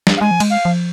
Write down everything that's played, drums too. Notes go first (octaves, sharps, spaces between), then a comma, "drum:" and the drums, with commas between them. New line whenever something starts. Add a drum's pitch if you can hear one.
drum: snare
F5
G#3 G#5
F3
G#3, drum: cymbal
F5
F3